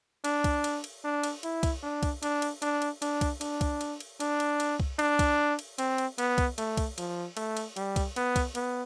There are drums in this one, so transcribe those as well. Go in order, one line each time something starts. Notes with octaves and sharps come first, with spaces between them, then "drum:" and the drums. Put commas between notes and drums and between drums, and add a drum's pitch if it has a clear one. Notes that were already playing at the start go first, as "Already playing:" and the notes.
D4, drum: cymbal
drum: kick C2, cymbal
drum: cymbal
drum: cymbal
D4
drum: cymbal
E4, drum: cymbal
drum: kick C2, cymbal
D4
drum: kick C2, cymbal
D4, drum: cymbal
drum: cymbal
D4, drum: cymbal
drum: cymbal
D4, drum: cymbal
drum: kick C2, cymbal
D4, drum: cymbal
drum: kick C2, cymbal
drum: cymbal
drum: cymbal
D4, drum: cymbal
drum: cymbal
drum: cymbal
drum: kick C2
D4, drum: cymbal
drum: kick C2, cymbal
drum: cymbal
C4, drum: cymbal
drum: cymbal
B3, drum: cymbal
drum: kick C2, cymbal
A3, drum: cymbal
drum: kick C2, cymbal
F3, drum: cymbal
A3, drum: cymbal
drum: cymbal
G3, drum: cymbal
drum: kick C2, cymbal
B3, drum: cymbal
drum: kick C2, cymbal
B3, drum: cymbal